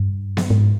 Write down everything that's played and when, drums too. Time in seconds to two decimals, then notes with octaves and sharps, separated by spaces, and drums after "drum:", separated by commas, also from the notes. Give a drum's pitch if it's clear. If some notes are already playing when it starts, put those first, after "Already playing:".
Already playing: G2
0.37 drum: snare B3
0.50 G#2